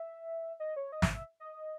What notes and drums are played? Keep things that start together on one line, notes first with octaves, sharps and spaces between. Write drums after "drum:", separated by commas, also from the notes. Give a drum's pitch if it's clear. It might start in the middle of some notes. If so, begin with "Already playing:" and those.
Already playing: E5
D#5
C#5
D#5
E5, drum: snare
E5
D#5